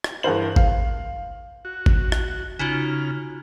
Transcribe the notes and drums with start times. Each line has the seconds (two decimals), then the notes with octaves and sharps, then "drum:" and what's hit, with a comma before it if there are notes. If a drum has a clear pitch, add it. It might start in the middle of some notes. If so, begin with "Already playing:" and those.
0.04 drum: rim click
0.23 G2 E3 G#4 A#4 C5 F#7
0.56 F5, drum: kick G1
1.65 F#4
1.86 drum: kick G1
2.12 drum: rim click
2.59 C#3 D#4 F4 F#4 F6